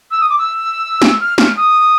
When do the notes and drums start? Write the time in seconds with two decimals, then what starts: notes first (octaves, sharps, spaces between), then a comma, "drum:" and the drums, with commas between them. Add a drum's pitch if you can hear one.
0.10 E6
0.20 D#6
0.29 D6
0.38 E6
1.02 drum: snare
1.20 F6
1.38 F6, drum: snare
1.56 D#6